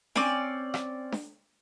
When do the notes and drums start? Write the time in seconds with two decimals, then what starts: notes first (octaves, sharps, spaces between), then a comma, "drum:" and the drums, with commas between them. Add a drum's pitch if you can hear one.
0.16 C4 C#4 D5, drum: snare D4
0.74 drum: rim click
1.12 drum: snare D4